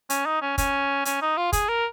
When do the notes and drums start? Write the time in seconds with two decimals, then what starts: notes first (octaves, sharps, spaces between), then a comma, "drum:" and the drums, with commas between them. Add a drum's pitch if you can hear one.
0.10 C#4, drum: hi-hat
0.26 D#4
0.42 C#4
0.58 C#4, drum: kick, hi-hat
1.05 C#4, drum: hi-hat
1.21 D#4
1.38 F4
1.53 G#4, drum: kick, hi-hat
1.69 A#4